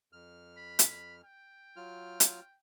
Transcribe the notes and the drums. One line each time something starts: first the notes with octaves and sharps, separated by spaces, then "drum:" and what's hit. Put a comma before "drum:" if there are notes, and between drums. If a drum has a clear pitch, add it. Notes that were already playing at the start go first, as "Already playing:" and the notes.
F2 F6
B5
drum: hi-hat
G5
F#3 F4 F6
drum: hi-hat